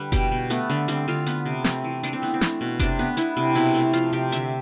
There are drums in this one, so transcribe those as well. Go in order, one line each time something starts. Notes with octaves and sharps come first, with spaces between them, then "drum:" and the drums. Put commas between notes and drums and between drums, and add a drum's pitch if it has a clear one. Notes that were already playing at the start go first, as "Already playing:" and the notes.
Already playing: D3 G3 B4
B2 G4, drum: kick F#1, hi-hat
B2
A3 B3, drum: hi-hat
D3
G3 C4, drum: hi-hat
D3 F4
B3, drum: hi-hat
C3
A3 C4, drum: snare
E3
E3 D4, drum: hi-hat
C4
A3 B3
C4
A3, drum: snare
B2
C3 D4, drum: kick F#1, hi-hat
B3
B3 E4, drum: hi-hat
C3
B2 E4
A3
F3 F4, drum: hi-hat
C3 G4
D3 E5, drum: hi-hat